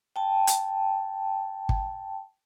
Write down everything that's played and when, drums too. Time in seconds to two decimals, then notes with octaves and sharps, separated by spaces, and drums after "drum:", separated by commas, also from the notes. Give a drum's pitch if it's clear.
0.16 G5 A5
0.47 drum: hi-hat
1.69 drum: kick